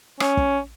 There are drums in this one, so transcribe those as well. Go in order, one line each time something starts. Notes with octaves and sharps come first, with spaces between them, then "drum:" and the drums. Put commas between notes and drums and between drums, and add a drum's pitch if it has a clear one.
C#4, drum: rim click
drum: kick